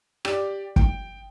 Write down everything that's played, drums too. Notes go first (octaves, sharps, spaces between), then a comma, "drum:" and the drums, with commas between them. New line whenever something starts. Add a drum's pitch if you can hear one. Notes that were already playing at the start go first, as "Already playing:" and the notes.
G4 D5, drum: rim click
G5, drum: kick